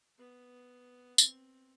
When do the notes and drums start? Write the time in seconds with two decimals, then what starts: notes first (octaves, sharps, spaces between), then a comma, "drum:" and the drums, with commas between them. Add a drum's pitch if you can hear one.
0.18 B3
1.18 C4, drum: tambourine